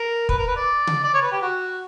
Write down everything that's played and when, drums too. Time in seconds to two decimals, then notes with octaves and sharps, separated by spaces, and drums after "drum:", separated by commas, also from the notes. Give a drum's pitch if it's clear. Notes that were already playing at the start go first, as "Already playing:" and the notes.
Already playing: A#4
0.29 B4, drum: kick
0.38 A#4
0.48 B4
0.56 D5
0.87 drum: tom C#3
1.04 D5
1.14 C#5
1.22 B4
1.32 G4
1.42 F#4